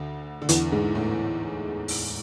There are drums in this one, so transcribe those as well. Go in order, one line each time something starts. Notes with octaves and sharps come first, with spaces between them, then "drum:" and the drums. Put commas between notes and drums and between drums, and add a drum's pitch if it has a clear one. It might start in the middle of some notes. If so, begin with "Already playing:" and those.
Already playing: D2 D3
D3
E2 E3, drum: hi-hat
G#2 G#3
A2 A3
drum: open hi-hat